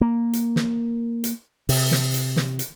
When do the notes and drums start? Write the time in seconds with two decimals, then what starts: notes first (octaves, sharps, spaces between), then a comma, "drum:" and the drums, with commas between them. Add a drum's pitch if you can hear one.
0.01 A#3
0.33 drum: hi-hat
0.56 drum: snare
1.24 drum: hi-hat
1.69 C3, drum: open hi-hat
1.91 drum: snare
2.14 drum: hi-hat
2.36 drum: snare
2.59 drum: hi-hat